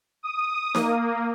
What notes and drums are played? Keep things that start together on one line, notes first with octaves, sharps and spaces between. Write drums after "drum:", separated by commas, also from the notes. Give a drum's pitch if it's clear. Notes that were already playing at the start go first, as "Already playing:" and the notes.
D#6
A#3, drum: snare D#4